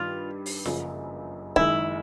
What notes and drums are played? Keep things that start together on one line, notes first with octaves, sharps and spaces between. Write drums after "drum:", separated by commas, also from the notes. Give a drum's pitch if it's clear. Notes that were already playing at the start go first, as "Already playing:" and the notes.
Already playing: G2 D#3 G3 F4
drum: open hi-hat
F#1 F#2 C#3 F3, drum: snare F4
F#1 F#2 D#3 G#3 E4, drum: kick D#1